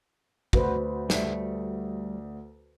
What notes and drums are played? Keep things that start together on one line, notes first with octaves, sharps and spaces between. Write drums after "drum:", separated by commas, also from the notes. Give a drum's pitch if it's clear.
D2 F#4 B4 C5, drum: kick
G3 A3, drum: snare